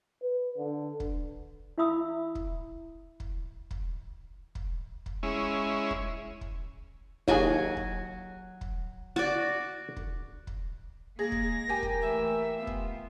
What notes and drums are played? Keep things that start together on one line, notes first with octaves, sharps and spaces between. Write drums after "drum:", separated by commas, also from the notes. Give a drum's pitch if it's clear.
B4
D3
drum: kick
E4 E5 F5 B5 D#6 E6
drum: kick
drum: kick
drum: kick
drum: kick
drum: kick
G#3 C#4 E4
drum: kick
drum: kick
D#2 F#3 F#4 G#4 G#5, drum: kick
drum: kick
drum: kick
F#4 D5
drum: kick
drum: kick
G#3 A#3 G#4 A#6
drum: kick
G4 A#4 G#5
drum: kick
E3 A3 E5
B3 F4
drum: kick